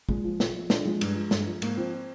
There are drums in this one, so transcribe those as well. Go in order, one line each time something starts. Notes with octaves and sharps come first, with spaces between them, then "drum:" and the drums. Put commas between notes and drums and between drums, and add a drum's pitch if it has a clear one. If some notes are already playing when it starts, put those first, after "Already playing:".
A#2 G#3, drum: kick
F3
A#2, drum: snare
F3
A#2 D4, drum: snare
F3 G#3
G2, drum: cymbal
F3
G2, drum: snare
F3
G#2 A#3, drum: cymbal
F3 C4